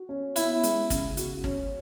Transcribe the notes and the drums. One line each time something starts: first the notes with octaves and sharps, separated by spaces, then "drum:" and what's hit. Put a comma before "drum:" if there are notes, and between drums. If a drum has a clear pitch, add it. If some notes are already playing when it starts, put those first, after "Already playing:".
Already playing: F#4
C#4
B3 E4, drum: hi-hat
G#3, drum: hi-hat
C#3, drum: kick, hi-hat
F#4, drum: hi-hat
C#4, drum: kick